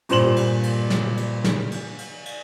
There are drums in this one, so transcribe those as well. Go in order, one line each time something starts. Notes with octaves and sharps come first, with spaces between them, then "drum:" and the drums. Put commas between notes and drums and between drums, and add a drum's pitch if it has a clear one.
G2 A#2 C5 C6 E7 F#7, drum: cymbal
drum: cymbal
drum: cymbal
drum: snare
drum: cymbal
drum: snare
drum: cymbal
drum: cymbal
drum: cymbal